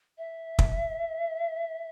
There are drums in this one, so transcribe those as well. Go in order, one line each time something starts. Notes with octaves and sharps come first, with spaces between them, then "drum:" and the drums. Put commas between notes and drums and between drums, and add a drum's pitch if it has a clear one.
E5
drum: kick